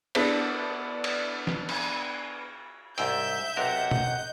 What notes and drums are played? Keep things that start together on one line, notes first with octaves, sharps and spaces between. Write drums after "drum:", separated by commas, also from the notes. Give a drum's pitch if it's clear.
B3 D4 E4 A4, drum: cymbal
drum: cymbal
drum: snare
drum: cymbal
C2 G#2 E5 G5 E6 G6, drum: hi-hat
B1 C3 A#4 D#5 F#5
G6, drum: tom